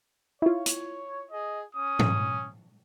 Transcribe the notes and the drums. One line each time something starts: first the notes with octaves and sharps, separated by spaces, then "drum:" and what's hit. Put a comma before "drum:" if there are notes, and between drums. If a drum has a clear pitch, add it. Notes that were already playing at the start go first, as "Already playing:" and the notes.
E4 F4 C#5
drum: hi-hat
G#4 D#5
C#4 D#6
drum: tom G#2